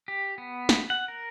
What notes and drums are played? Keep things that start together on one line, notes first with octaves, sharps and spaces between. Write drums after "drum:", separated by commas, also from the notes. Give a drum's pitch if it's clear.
G4
B3
drum: snare
F#5
A#4